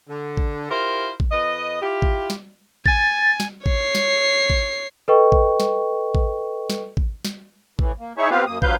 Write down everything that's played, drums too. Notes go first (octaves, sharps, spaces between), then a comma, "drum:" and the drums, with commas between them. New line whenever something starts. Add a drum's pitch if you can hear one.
D3
drum: kick
E4 F4 G4 A#4 C5
drum: kick
F2 B4 D#5
E4 F4 G4
drum: kick
drum: snare
G#5 A6, drum: kick
drum: snare
C#5 C7, drum: kick
drum: snare
drum: kick
A4 B4 D#5 G5 C#6
drum: kick
drum: snare
drum: kick
drum: snare
drum: kick
drum: snare
A2 E3, drum: kick
A#3
D#4 E4 G#4 C#5 E5 C#6
B3 C4 F4 G4 B4 F5
F#2 A#3 D#6
G2 F3 F#3 B4 F5 G6, drum: kick